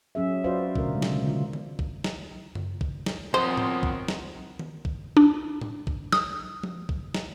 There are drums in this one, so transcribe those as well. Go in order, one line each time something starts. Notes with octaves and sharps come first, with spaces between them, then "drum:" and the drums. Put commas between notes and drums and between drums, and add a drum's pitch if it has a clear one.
F#3 C#4 G#4 E5
F4 F#4 B4 C5 D5 F5
B2 D3 A3 A#4, drum: kick A#1
C#3 G#3
drum: snare
D3 F4
drum: tom D#3
drum: kick A#1
drum: snare
drum: tom F#2
drum: kick A#1
drum: snare
F3 B3 C4 A#4 C5 C#5 D#5
drum: tom A2
drum: kick A#1
drum: snare
drum: tom D#3
drum: kick A#1
D4
drum: tom A2
drum: kick A#1
D#6, drum: snare
drum: tom F3
drum: kick A#1
drum: snare